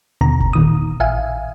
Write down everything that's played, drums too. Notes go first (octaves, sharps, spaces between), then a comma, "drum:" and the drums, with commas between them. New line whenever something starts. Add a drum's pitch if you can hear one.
D#2 B2 D3 A#5
drum: kick
A#2 D#3 D#6
A1 E5 F5 G#5